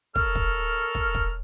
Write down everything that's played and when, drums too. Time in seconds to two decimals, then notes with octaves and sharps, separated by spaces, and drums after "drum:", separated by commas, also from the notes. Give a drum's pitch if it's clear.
0.15 A4 A#4 C#5 F6, drum: kick
0.35 drum: kick
0.95 drum: kick
1.15 drum: kick